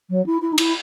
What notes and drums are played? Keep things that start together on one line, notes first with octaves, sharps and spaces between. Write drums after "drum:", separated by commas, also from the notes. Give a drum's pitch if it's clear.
F#3
E4
E4
D#4
E4, drum: cymbal